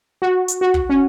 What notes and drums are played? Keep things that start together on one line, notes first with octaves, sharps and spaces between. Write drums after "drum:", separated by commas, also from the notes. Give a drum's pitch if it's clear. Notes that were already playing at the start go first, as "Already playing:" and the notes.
F#4
drum: hi-hat
F#4
drum: kick
C#4